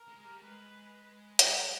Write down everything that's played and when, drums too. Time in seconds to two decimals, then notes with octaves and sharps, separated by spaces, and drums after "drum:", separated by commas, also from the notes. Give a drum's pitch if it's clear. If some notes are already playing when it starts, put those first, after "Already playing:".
Already playing: A#4
0.08 G#3
0.25 G3
0.41 G#3 B4
1.39 G#3 B4, drum: hi-hat